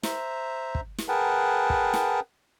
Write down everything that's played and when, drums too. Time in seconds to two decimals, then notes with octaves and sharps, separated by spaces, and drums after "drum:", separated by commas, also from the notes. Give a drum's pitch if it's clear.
0.03 C5 E5 A#5, drum: snare
0.75 drum: kick
0.98 drum: snare
1.08 G#4 A#4 B4 F#5 G5 A5
1.70 drum: kick
1.94 drum: snare